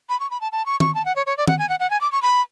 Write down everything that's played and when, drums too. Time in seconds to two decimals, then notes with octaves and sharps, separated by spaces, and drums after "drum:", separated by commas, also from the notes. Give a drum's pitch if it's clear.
0.09 B5
0.20 C#6
0.30 B5
0.41 A5
0.52 A5
0.66 C#6
0.80 C#6, drum: tom D#3
0.95 A5
1.05 F#5
1.16 C#5
1.26 C#5
1.37 D5
1.48 F#5, drum: tom D#3
1.59 G#5
1.69 F#5
1.80 F#5
1.90 G#5
2.01 D6
2.12 C#6
2.22 B5